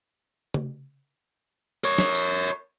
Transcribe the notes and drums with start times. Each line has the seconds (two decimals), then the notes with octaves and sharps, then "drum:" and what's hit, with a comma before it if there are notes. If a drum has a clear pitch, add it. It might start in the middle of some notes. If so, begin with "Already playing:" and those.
0.54 drum: tom C#3
1.84 A#4 C#5, drum: tambourine
1.98 drum: snare
2.15 drum: tambourine